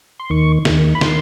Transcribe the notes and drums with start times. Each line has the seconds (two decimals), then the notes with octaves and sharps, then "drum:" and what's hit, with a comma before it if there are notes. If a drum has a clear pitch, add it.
0.19 C6
0.30 D#2 D#3 C#6
0.65 D#2 D#3, drum: snare
0.95 B5
1.01 D#3 C6, drum: snare